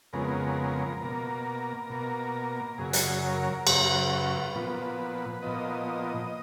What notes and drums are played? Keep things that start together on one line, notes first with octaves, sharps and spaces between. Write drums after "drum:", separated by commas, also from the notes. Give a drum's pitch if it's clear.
F2 C#3 G#3 B3 A#4
B2 A#3
B2 A#3
F#2 C#3 F#3 G#4
drum: hi-hat
A#4
F#2 C#3 F#3 B4, drum: cymbal
A#4
B4
A#2 F3 B3
A#2 F3 B3 D#5